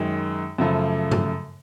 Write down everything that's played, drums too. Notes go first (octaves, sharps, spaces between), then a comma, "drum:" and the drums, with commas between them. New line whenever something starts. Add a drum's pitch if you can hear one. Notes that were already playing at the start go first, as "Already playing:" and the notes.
Already playing: F#2 D#3 G#3
F#2 C#3 F3 A3
drum: tom G2